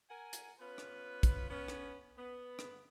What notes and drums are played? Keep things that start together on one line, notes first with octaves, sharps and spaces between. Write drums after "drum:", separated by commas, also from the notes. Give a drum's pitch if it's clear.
A#4 F#5 G#5
drum: hi-hat
B3 C#4 F4 B4
drum: rim click
drum: kick, hi-hat
B3 C#4
drum: rim click
B3
drum: rim click